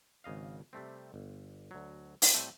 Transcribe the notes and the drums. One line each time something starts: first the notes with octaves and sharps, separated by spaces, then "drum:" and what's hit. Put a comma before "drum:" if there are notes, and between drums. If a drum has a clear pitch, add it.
G#1 C#3 D#5 F5
C3 G3 A3 C4
G1
D2 F#3
drum: open hi-hat
A2 G3 A3 C4 A4